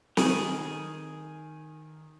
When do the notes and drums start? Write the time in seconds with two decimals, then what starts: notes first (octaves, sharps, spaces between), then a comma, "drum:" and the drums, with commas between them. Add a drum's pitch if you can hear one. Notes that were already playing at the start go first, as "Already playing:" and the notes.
0.17 D#3 G#4, drum: snare